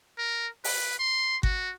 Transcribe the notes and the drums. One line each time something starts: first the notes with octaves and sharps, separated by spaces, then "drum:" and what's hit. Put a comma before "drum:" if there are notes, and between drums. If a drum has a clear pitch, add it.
A#4
B4, drum: open hi-hat
C6
F#4, drum: kick G1